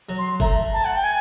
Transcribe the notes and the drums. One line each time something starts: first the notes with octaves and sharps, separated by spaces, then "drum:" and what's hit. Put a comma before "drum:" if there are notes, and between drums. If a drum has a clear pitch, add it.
F#3
C6
A3 A#5, drum: kick F#1
A5
F#5
G5
G#5